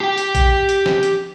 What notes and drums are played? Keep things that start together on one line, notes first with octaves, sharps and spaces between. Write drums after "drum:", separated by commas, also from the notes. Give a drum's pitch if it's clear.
G4 G5
drum: hi-hat
drum: kick A#1, hi-hat
drum: hi-hat
drum: snare
drum: hi-hat